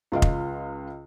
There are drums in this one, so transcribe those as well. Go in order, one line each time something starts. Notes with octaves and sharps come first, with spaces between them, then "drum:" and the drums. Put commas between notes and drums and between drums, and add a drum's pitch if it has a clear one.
C#2 F4 D#5 F5
drum: kick F1